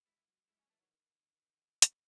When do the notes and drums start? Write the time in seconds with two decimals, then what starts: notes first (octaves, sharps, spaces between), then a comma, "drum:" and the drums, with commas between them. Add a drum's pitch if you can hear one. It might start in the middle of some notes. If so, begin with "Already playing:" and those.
0.06 G#3 E4
0.28 F#3
0.49 G#3 E4
0.59 G#3 C#4
0.70 E3 A3
0.80 D#3 F#3
0.92 D#3
1.34 D#3
1.82 drum: hi-hat